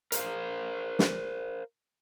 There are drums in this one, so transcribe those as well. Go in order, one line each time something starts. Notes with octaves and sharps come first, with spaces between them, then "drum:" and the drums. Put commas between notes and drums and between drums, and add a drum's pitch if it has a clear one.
A#4 C5 F5, drum: hi-hat
drum: snare